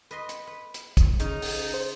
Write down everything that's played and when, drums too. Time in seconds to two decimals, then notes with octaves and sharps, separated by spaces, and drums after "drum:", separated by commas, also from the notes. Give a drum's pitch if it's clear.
0.11 B4 D#5 C6
0.29 drum: hi-hat
0.47 B4
0.74 drum: hi-hat
0.97 drum: kick, hi-hat
1.20 C#3 D#4, drum: hi-hat
1.42 drum: open hi-hat
1.74 C5